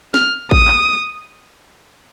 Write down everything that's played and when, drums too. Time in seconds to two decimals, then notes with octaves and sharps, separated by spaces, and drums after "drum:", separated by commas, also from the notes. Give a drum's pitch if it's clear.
0.14 F6, drum: snare
0.51 D#6, drum: kick
0.68 drum: clap